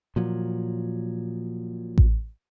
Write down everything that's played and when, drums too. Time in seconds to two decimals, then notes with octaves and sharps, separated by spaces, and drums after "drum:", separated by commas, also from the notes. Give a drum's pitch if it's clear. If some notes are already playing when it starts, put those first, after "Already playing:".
0.16 A#2 F3 F#3
1.98 drum: kick A1